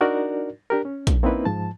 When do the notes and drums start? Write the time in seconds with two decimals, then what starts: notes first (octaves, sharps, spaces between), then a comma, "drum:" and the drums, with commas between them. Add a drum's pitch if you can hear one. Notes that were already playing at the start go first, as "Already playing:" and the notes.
0.01 D4 D#4 F#4 A#4 D5
0.70 D4 G4 A#4
0.85 C#4
1.07 drum: kick, hi-hat
1.23 A#3 C4 C#4 D#4 E4 B4
1.45 G#2 F3 A5